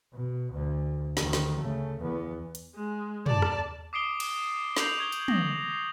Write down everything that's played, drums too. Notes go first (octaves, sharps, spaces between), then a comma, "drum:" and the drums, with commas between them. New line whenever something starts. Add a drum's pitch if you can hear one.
B2
D2
D2 D#3, drum: snare
drum: snare
C#3 A3
E2 B3
drum: hi-hat
G#3
D5 A5, drum: tom
drum: rim click
D6 D#6 C7 D7 G7
drum: cymbal
G6 C7 F7 F#7, drum: snare
C#6 G#6 G7
drum: tambourine
D#6 A#6, drum: tom
C7